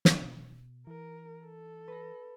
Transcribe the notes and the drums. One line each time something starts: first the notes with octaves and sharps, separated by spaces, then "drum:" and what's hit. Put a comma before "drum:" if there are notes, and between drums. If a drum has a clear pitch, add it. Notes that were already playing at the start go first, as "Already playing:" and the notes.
drum: snare
B2
E3 A#4
A4
B4 A#6